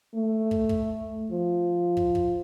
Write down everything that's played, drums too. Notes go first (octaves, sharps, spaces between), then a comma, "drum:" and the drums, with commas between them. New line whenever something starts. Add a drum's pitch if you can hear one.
A3
drum: kick
drum: kick
F3
drum: kick
drum: kick